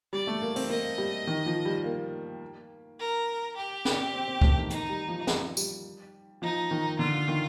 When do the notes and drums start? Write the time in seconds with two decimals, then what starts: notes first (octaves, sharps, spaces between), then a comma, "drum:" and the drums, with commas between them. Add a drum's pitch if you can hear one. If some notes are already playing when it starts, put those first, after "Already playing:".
0.13 G3 D5
0.27 A3
0.42 A#3
0.56 C4, drum: open hi-hat
0.70 A#3 D#5
0.98 G3
1.27 D#3
1.46 F3
1.65 G3
1.84 A#3
2.99 A#4
3.56 G4
3.85 drum: snare
4.14 C4
4.28 C4
4.41 A3, drum: kick C#2
4.56 D#3
4.70 D#3 D#4, drum: hi-hat
4.89 G3
5.08 F3
5.27 F3, drum: snare
5.57 G3, drum: tambourine
6.42 F3 D#4
6.71 D#3
6.99 D3 F4
7.28 D#3